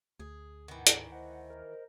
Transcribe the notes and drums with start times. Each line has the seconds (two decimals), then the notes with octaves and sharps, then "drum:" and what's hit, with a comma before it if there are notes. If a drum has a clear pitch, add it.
0.20 D2 G#4
0.68 G#2 D#3 E3 F#5
0.87 drum: hi-hat
1.12 C5 D#5 F#5
1.50 A#4